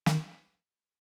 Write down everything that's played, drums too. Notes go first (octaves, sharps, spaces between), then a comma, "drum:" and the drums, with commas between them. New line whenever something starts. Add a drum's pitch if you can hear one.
D#3, drum: snare